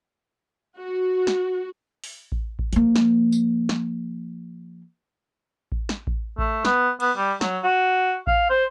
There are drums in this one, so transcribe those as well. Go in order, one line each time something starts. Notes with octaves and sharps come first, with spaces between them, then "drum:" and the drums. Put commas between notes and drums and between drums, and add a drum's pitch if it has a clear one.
F#4
drum: snare
drum: open hi-hat
drum: kick A1
drum: kick A1
F3 A#3, drum: hi-hat
drum: snare
drum: tambourine
drum: snare
drum: kick A1
drum: snare
drum: kick A1
A3, drum: kick A1
B3, drum: snare
B3, drum: cymbal
G3
F#3, drum: snare
F#4
F5, drum: kick A1
C5